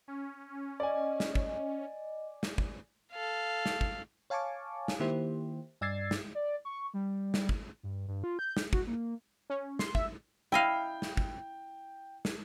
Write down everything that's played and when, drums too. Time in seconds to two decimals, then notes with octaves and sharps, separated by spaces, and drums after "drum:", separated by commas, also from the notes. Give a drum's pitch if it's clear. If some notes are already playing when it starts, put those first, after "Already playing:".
0.08 C#4
0.80 D5 D#5 G#5
1.20 drum: snare
1.35 drum: kick
2.43 drum: snare
2.58 drum: kick
3.12 A4 F5
3.66 drum: snare
3.81 drum: kick
4.30 C#5 F5 G#5 A5 C#6 D6
4.88 drum: snare
5.00 D#3 A#3 E4 G4 C5
5.81 G2 D5 E6 G#6 A6 C7
6.11 drum: snare
6.35 D5
6.65 C#6
6.94 G3
7.34 drum: snare
7.49 drum: kick
7.83 G2
8.08 G2
8.24 F4
8.39 G6
8.57 drum: snare
8.73 F#4, drum: kick
8.87 A#3
9.50 C#4
9.79 C6, drum: snare
9.95 E5, drum: kick
10.52 E4 D#5 F5 G5
11.02 drum: snare
11.17 drum: kick
12.25 drum: snare